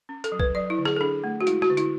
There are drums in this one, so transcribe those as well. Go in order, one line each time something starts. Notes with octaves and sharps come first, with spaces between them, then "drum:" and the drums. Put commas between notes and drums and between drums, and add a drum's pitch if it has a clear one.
C#4
A4, drum: hi-hat
F#3
B4, drum: kick
F#3 D5
E4
D3
G#4, drum: rim click
A4
D4 G#4
A3
F#4
G#3 E4, drum: hi-hat
F#4, drum: rim click
D3
E4, drum: hi-hat